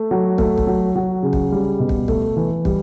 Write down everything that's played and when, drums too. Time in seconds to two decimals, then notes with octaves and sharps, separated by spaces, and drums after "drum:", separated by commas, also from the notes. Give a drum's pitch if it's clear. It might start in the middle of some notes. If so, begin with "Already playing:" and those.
Already playing: A3
0.11 F#3
0.38 A3, drum: kick
0.58 drum: kick
0.67 F#3
0.96 F#3
1.23 C#3
1.33 drum: kick
1.52 G3
1.80 B2
1.89 drum: kick
2.08 A3, drum: kick
2.37 E3
2.65 G3, drum: kick